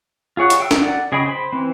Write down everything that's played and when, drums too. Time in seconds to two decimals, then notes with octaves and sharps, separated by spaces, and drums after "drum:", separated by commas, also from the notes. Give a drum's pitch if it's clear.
0.37 F4 G#4 C#5 F#5
0.50 drum: hi-hat
0.60 G5 E6
0.71 drum: snare
0.82 D5 F#5
1.12 C#3 G#4 D#5 G5 B5
1.26 C5 B5
1.52 E3 C4